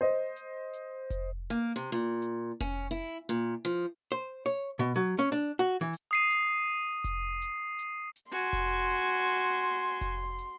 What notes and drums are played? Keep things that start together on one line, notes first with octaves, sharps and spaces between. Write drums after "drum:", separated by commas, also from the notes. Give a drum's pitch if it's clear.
C5 D#5
drum: hi-hat
drum: hi-hat
drum: kick F1, hi-hat
A#3, drum: hi-hat
C3
A#2
drum: hi-hat
C#4, drum: kick F1, hi-hat
E4
A#2
F3
C5
C#5, drum: hi-hat
B2, drum: hi-hat
F#3
C#4, drum: hi-hat
D4
F#4
E3
drum: hi-hat
D#6 C7 D#7
drum: hi-hat
drum: kick F1, hi-hat
drum: hi-hat
drum: hi-hat
drum: hi-hat
F#4 G#5 C6
drum: kick F1, hi-hat
drum: hi-hat
drum: hi-hat
drum: hi-hat
drum: kick F1, hi-hat
drum: hi-hat